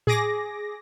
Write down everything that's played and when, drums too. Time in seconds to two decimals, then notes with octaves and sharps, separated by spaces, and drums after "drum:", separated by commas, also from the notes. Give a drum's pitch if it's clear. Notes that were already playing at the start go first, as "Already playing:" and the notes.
0.07 G#4 D6 A#6, drum: tom A2